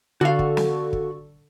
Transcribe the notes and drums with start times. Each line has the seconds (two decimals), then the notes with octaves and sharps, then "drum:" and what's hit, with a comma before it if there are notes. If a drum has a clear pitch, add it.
0.21 D3 F#4 A4 F5 C#6
0.39 drum: kick
0.57 drum: snare
0.93 drum: kick